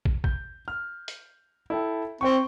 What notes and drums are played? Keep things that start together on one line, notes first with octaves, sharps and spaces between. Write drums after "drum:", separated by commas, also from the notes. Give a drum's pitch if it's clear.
drum: kick
G6, drum: kick
F6
drum: hi-hat
E4 A4 G5
C4 C5 G5 C#6